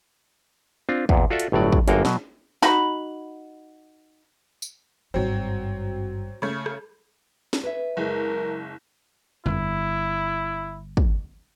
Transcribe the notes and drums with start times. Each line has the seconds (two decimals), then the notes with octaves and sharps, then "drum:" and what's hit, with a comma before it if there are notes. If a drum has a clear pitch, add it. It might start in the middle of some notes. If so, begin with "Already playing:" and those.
0.89 C4 D4 F4
1.09 E2 A#2, drum: kick
1.30 F4 F#4 A4 D5 E5
1.40 drum: hi-hat
1.52 G1 A2 F#3 D5
1.72 drum: kick
1.88 G1 F#2 A#3 F#4 F5 G5, drum: hi-hat
2.05 B2 F#3, drum: snare
2.62 D#4 F#4 B5, drum: snare
4.62 drum: tambourine
5.14 G#1 G2 F#3 C4
6.42 C#3 A3
6.66 drum: rim click
7.53 drum: snare
7.63 B4 C#5 E5
7.97 F#1 G#3 A#4
9.46 G1 E4, drum: tom F2
10.97 drum: kick